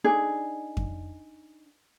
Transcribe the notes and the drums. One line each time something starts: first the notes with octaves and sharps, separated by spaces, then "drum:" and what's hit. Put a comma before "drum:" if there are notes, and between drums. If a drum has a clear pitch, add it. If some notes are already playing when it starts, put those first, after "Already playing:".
D4 D#4 G#4
drum: kick F2